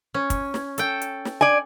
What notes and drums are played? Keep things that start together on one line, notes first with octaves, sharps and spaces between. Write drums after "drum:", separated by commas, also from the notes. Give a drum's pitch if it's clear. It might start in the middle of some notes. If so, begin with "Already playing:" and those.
C#4
drum: kick, hi-hat
drum: snare
A4 G5, drum: hi-hat
drum: hi-hat
drum: snare
D5 G#5